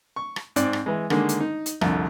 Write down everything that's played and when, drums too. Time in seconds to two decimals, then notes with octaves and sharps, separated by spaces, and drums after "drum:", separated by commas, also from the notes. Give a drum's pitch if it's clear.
0.16 C#6
0.36 drum: rim click
0.56 G#2 C4 D5, drum: hi-hat
0.73 drum: rim click
0.86 E3 G#3
1.10 D3 D#3 G#3 A#3, drum: rim click
1.29 drum: hi-hat
1.40 D#4
1.66 drum: hi-hat
1.81 C2 F2 D3, drum: rim click